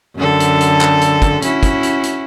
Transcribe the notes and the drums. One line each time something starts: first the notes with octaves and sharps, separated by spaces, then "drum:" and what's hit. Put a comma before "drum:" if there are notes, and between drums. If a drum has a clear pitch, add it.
F#2 D3 A4
drum: hi-hat
drum: hi-hat
drum: clap
drum: hi-hat
drum: kick, hi-hat
C#4 E4 F#4, drum: hi-hat
drum: kick, hi-hat
drum: hi-hat
drum: hi-hat